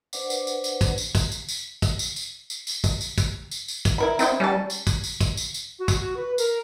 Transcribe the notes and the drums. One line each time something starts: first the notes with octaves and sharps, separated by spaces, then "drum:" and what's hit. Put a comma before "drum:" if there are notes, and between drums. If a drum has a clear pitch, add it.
D4 B4 C5 D5 F#5 D6, drum: tambourine
drum: tambourine
drum: tambourine
drum: tambourine
drum: kick, tambourine
drum: tambourine
drum: kick, tambourine
drum: tambourine
drum: tambourine
drum: kick, tambourine
drum: tambourine
drum: tambourine
drum: tambourine
drum: tambourine
drum: kick, tambourine
drum: tambourine
drum: kick, tambourine
drum: tambourine
drum: tambourine
drum: kick, tambourine
E4 A#4 B5
D#3 C4 E4 G5, drum: tambourine
G3 C#4 A5
drum: tambourine
drum: kick, tambourine
drum: tambourine
drum: kick, tambourine
drum: tambourine
drum: tambourine
F#4
drum: kick, tambourine
F#4
B4
A#4, drum: tambourine